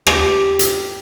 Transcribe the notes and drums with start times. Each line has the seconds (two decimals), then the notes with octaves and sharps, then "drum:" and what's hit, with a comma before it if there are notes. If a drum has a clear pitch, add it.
0.07 G4, drum: rim click
0.59 drum: hi-hat